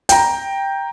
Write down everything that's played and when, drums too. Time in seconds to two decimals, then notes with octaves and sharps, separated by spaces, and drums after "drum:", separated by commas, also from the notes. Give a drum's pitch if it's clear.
0.09 G5 A#5, drum: hi-hat